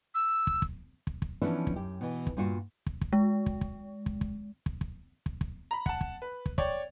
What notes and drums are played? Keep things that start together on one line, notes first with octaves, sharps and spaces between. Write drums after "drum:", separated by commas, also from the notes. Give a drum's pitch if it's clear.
E6
drum: kick
drum: kick
drum: kick
drum: kick
E3 F3 B3 C#4 D4 E4
drum: kick
F#2 G4
B2 E3
drum: kick
G2 A#2 F4 F#4
drum: kick
drum: kick
G#3
drum: kick
drum: kick
drum: kick
drum: kick
drum: kick
drum: kick
drum: kick
drum: kick
A#5 B5
F#5 A5, drum: kick
drum: kick
B4
drum: kick
C#5 D5 G5, drum: kick